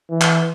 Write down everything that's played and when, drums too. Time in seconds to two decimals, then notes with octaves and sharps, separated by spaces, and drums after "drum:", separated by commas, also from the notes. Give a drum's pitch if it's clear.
0.11 E3
0.21 drum: clap